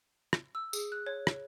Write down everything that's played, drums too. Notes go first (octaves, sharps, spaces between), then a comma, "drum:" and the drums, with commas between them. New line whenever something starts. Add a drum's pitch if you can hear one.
drum: rim click
E6
G#4, drum: tambourine
F#6
C#5
drum: rim click